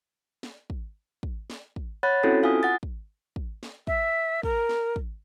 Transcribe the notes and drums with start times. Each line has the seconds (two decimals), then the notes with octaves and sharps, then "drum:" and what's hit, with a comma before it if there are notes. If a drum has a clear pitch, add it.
0.43 drum: snare
0.70 drum: kick
1.23 drum: kick
1.50 drum: snare
1.76 drum: kick
2.03 C#5 F#5 B5 F#6 A6
2.23 C4 C#4 E4 F#4 A4
2.43 F4 F5 G#5 D#6
2.63 F#5 A6
2.83 drum: kick
3.36 drum: kick
3.63 drum: snare
3.87 E5, drum: kick
4.43 A#4, drum: kick
4.69 drum: snare
4.96 drum: kick